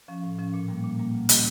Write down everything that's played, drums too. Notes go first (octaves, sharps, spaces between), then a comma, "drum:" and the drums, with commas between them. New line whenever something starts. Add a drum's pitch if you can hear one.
F3 C#4
A2
F3 C#4
A#2
G3 A#3
A#2
G3 A#3
D2
C#3 G3 C#4 G4, drum: hi-hat